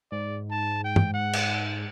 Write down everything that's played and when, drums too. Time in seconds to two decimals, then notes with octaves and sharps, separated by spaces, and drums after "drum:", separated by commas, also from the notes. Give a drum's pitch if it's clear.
0.12 G#2 D5
0.51 A5
0.84 G5
0.96 drum: tom G2
1.14 F#5
1.33 drum: cymbal